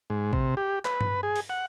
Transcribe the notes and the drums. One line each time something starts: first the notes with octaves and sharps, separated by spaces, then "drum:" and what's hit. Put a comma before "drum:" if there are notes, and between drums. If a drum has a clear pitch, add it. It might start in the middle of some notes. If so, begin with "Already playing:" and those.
G#2
C3, drum: kick A1
G4
B4, drum: clap
drum: tom G2
G#4
drum: open hi-hat
F#5